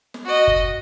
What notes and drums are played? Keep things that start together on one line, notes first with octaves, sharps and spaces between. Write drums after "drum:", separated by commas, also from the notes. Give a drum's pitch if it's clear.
drum: snare
F#4 D#5
drum: kick